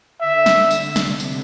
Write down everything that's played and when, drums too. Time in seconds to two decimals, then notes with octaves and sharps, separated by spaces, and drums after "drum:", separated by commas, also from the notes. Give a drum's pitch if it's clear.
0.21 D3 E5
0.46 drum: snare
0.71 drum: tambourine
0.96 C3, drum: snare
1.20 drum: tambourine